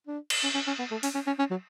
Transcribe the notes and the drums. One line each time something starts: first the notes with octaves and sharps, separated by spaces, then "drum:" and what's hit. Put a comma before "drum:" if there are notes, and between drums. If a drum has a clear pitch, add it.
D4
drum: cymbal
C#4
C#4
C#4
B3
A3
C#4, drum: open hi-hat
C#4
C#4
C#4
F#3